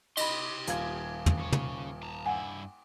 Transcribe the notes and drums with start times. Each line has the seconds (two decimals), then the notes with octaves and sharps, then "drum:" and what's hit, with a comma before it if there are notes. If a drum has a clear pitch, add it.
0.17 G4 D#5 B5 C6, drum: cymbal
0.67 D#1 F4 G#6, drum: hi-hat
1.26 drum: tom
1.39 C#3 C#5
1.52 drum: tom
2.03 A5 A#5
2.26 G2 E4 F#5 G#5